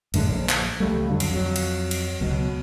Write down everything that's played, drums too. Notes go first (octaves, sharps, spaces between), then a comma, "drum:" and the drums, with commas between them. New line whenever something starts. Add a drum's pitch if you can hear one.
F#2 A2 D3 G#3, drum: cymbal
A#1
drum: clap
C#2 F3 G3 A3
F2 D3 F#3
drum: cymbal
F2 F#3
drum: cymbal
drum: cymbal
C#2 B2 F#3